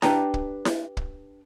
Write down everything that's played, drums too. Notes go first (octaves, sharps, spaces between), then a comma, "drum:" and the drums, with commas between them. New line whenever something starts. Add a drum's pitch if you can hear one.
D4 G4 B4 G5 A5 A#5, drum: snare E4
drum: kick
drum: snare E4
drum: kick